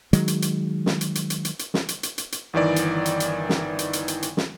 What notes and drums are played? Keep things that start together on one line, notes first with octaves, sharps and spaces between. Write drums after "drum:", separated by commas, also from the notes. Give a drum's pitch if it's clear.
D#3 F#3 G#3, drum: hi-hat
drum: hi-hat
drum: hi-hat
drum: snare
drum: hi-hat
drum: hi-hat
drum: hi-hat
drum: hi-hat
drum: hi-hat
drum: snare
drum: hi-hat
drum: hi-hat
drum: hi-hat
drum: hi-hat
G1 D#3 E3 D5
drum: hi-hat
drum: hi-hat
drum: hi-hat
drum: snare
drum: hi-hat
drum: hi-hat
drum: hi-hat
drum: hi-hat
drum: snare